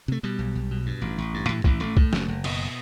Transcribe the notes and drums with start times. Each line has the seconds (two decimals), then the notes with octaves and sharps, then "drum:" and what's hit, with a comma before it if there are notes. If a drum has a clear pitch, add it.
0.08 C3 A3
0.23 B2 G3
0.39 B1
0.55 B1
0.71 B2
0.86 G2
1.02 A1
1.18 A1
1.34 G2
1.49 A2 E3
1.64 A1 E3, drum: kick
1.80 A1 A3
1.97 A2, drum: kick
2.13 F#1, drum: snare
2.28 F#1
2.44 B2, drum: cymbal